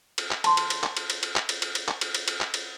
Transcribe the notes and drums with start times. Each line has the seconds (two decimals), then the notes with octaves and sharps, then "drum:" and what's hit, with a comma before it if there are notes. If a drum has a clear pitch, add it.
0.18 drum: cymbal
0.31 drum: clap
0.44 A5 C6, drum: cymbal
0.57 drum: cymbal
0.70 drum: cymbal
0.83 drum: clap
0.97 drum: cymbal
1.10 drum: cymbal
1.23 drum: cymbal
1.36 drum: clap
1.49 drum: cymbal
1.62 drum: cymbal
1.75 drum: cymbal
1.88 drum: clap
2.01 drum: cymbal
2.14 drum: cymbal
2.28 drum: cymbal
2.41 drum: clap
2.54 drum: cymbal